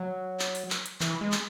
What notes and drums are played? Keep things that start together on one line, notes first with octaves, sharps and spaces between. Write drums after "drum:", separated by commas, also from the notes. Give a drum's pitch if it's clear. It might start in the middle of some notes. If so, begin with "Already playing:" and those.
Already playing: F#3
drum: clap
drum: open hi-hat
drum: clap
drum: hi-hat
E3, drum: clap
G#3
drum: clap